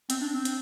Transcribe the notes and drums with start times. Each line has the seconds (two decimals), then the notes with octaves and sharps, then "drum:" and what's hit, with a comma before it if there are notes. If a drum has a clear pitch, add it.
0.10 C4, drum: hi-hat
0.21 D4
0.34 C4
0.45 drum: hi-hat